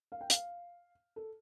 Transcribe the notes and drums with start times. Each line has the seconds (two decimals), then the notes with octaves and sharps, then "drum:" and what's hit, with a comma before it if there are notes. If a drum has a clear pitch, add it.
0.12 F5
0.21 G5
0.30 F5, drum: hi-hat
1.16 A4